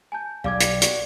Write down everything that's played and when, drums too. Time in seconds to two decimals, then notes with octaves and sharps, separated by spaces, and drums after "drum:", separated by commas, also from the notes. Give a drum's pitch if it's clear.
0.12 G#5 A5 G6
0.44 B1 G3 F5 D6 G#6
0.60 drum: hi-hat
0.82 F#4, drum: hi-hat